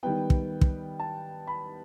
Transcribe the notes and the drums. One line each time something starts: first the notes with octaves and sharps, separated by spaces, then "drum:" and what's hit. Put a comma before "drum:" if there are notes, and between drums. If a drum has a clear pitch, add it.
D#3 G3 B3 G5
drum: kick
drum: kick
A5
B5